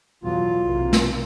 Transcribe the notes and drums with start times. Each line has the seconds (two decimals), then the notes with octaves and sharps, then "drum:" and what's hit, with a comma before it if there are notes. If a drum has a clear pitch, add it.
0.24 E2 B2 F#3 F4
0.62 B1 C3 A#3
0.93 drum: snare